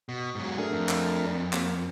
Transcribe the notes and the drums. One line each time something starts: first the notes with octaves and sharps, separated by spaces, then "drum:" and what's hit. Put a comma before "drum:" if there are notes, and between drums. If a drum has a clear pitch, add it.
B2
G#2 F#3
A3 D4 G#4 A#4
F2
drum: clap
A#3, drum: clap